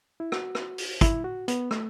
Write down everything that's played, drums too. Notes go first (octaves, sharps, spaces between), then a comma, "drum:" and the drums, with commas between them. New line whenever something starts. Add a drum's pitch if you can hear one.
E4
F#4, drum: rim click
drum: rim click
drum: open hi-hat
E4, drum: kick, hi-hat
F#4
B3, drum: hi-hat
A3, drum: rim click